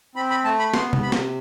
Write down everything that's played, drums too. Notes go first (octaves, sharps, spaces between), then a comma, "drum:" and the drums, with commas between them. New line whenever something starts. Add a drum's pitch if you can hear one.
C4 B5
B5
A3 A5
B5
B3 C6, drum: snare
drum: tom
C3 B5
drum: snare